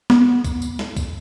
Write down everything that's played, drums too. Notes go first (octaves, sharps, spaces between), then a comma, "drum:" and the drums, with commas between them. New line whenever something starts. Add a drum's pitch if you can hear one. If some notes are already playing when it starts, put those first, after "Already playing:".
B3, drum: snare
drum: kick B1, tambourine
drum: tambourine
drum: snare
drum: kick B1, tambourine